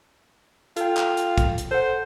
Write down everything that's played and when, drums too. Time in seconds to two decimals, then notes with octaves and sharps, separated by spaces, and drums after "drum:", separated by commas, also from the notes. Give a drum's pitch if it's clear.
0.77 F4 A4 G5, drum: hi-hat
0.97 drum: clap
1.17 drum: hi-hat
1.38 drum: kick, hi-hat
1.58 drum: hi-hat
1.71 A4 C5 F#5